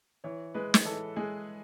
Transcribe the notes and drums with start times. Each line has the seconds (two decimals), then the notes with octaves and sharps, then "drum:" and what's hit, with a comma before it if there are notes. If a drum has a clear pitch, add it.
0.24 E3 C#5
0.54 G#3 B4
0.74 drum: snare
0.85 E3 A4
1.16 G#3 G#4